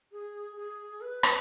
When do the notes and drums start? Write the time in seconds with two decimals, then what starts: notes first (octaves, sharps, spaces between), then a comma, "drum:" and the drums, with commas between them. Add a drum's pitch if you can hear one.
0.12 G#4
0.57 G#4
1.01 B4
1.23 drum: rim click